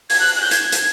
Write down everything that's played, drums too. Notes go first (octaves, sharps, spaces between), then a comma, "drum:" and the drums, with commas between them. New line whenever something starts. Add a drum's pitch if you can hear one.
G#6, drum: open hi-hat
F#6
F#6
G6
G#6, drum: hi-hat
drum: hi-hat